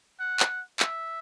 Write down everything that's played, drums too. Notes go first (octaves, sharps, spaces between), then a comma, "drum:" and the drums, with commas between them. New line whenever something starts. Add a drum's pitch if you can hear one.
F#5
drum: clap
E5, drum: clap